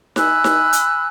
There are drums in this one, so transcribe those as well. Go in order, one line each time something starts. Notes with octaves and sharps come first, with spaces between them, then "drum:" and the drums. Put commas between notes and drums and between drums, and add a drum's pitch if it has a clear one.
G#5 B5 E6 F#6, drum: snare D#4
drum: snare D#4
drum: hi-hat